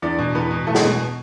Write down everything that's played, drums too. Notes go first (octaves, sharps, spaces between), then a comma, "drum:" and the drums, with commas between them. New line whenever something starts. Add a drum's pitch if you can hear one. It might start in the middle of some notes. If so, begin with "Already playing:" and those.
E2 D4 D5
B2
E2 B3 B4
B2
E2 A3 A4
G#3 G#4, drum: snare
B2 B3